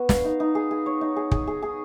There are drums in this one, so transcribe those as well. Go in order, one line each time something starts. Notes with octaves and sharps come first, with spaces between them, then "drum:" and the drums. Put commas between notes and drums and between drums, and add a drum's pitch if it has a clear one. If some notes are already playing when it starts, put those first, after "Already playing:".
Already playing: B3 F#4
F5, drum: snare
D#4
D#4
G#4
G#4
C#5
D#4
G#4
G#4, drum: kick
G#4
G#4